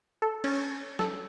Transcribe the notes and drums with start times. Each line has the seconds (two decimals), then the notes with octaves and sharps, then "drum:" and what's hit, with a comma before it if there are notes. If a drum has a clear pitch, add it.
0.22 A4
0.44 C#4, drum: cymbal
0.99 A4, drum: snare